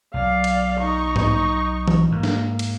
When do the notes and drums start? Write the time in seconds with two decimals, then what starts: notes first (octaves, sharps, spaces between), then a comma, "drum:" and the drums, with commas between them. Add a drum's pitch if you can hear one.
0.14 B1 F#3 D5 F5
0.44 drum: cymbal
0.80 D#4 C#6
1.16 drum: tom G#2
1.88 drum: tom E3
2.12 G#2 A#3
2.23 drum: snare
2.59 drum: cymbal